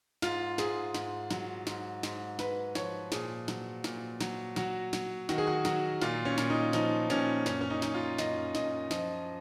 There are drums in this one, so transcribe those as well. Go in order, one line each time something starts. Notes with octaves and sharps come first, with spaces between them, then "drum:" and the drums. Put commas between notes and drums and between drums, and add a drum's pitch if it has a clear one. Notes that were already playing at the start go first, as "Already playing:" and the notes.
G#2 F4, drum: snare
G#2 G#4, drum: snare
G#2, drum: snare
F#3, drum: snare
G#2, drum: snare
G#2, drum: snare
G#2 B4, drum: snare
F3 C#5, drum: snare
A#2 G#4, drum: snare
F#3, drum: snare
A#2, drum: snare
F#3, drum: snare
F#3 F#4, drum: snare
F#3, drum: snare
D#3 F#4, drum: snare
G#4
F#4
F#3 F#4, drum: snare
A#2 F4, drum: snare
C#4
A#2, drum: snare
D#4
F3 D#4, drum: snare
A#2 C#4, drum: snare
F#2 C#4, drum: snare
C#4
D#4
F#2 D#4, drum: snare
F4
F#2 D#5, drum: snare
F#2 D#5, drum: snare
F3 D#5, drum: snare